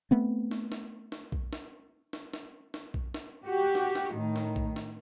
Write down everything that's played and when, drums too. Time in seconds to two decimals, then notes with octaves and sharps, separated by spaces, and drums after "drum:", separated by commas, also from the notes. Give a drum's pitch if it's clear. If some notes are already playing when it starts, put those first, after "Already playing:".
0.11 A3 B3 C4
0.51 drum: snare
0.72 drum: snare
1.12 drum: snare
1.32 drum: kick B1
1.53 drum: snare
2.13 drum: snare
2.34 drum: snare
2.74 drum: snare
2.94 drum: kick B1
3.14 drum: snare
3.44 F#4 G4
3.75 drum: snare
3.95 drum: snare
4.14 A2 D#3
4.36 drum: snare
4.56 drum: kick B1
4.76 drum: snare